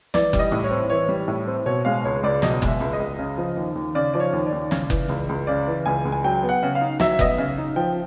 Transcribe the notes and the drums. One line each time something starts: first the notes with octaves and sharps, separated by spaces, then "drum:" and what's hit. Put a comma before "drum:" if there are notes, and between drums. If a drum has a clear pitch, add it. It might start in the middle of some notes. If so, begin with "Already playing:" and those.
E3 D5, drum: snare
G3, drum: kick F#1
D#5
A2
C#5
C4
E3 C#5
G3
A2
C4
B2 C#5
G#3 F5
C#2 C#5
C#2 D5
B2 D#5, drum: snare
G#3, drum: kick F#1
E5
C#2
D#5
C#2
C#3
F3
D#2
D#2
C#3 D5
F3 D5
C#5
D#2
D5
D#2
C#3, drum: snare
E3, drum: kick F#1
C#2
C#2
C#3 D5
E3
C#2 G#5
C#2
G#5
F#3 G5
B3
F#5
C#3
F5
D#4
F#3 E5, drum: snare
B3 D#5, drum: kick F#1
E5
C#3
D#4
F3 G5